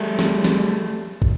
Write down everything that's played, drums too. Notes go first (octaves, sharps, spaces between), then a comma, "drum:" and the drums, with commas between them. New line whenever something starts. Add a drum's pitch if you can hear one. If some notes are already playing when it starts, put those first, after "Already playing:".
Already playing: G3 A3
drum: snare
drum: snare
drum: kick